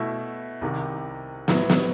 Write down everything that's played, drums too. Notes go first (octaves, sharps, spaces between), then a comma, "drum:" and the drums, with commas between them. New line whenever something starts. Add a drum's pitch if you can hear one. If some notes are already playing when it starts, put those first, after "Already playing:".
Already playing: B2 A3 E4
C2 C3 D#3
A2 F#3 B3 E4, drum: snare
drum: snare